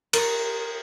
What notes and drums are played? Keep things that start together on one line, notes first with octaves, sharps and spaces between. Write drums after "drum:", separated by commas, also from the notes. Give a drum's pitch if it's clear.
A#4 C#6, drum: cymbal